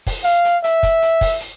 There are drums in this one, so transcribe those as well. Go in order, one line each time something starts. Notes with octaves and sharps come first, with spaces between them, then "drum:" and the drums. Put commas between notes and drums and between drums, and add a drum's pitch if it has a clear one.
drum: kick, open hi-hat
F5, drum: hi-hat
drum: hi-hat
E5, drum: hi-hat
drum: kick, hi-hat
drum: hi-hat
drum: kick, open hi-hat
drum: hi-hat